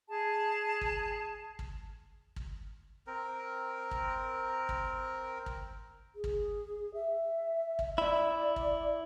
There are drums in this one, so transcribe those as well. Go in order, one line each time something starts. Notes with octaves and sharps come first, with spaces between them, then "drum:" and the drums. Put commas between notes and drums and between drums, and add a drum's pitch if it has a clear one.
G#4 A5
drum: kick
drum: kick
drum: kick
C4 A#4
drum: kick
drum: kick
drum: kick
G#4
drum: kick
E5
drum: kick
E4 D5
drum: kick